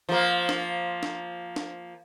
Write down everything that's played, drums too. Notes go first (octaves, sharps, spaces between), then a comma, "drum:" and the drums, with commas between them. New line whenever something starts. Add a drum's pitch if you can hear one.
F3 A#3
drum: snare D4
drum: snare D4
drum: snare D4